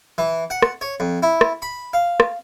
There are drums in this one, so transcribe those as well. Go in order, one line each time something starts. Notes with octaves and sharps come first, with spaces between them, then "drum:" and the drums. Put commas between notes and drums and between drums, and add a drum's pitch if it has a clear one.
E3
F#5
drum: rim click
C#5
F2
E4
drum: rim click
B5
F5
drum: rim click